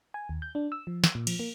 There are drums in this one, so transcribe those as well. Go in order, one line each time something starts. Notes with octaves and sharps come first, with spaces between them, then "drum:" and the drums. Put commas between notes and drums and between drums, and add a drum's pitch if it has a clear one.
G#5
D#2
G6
D4
E6
F3
E6, drum: snare
A#2
F3, drum: cymbal
A#3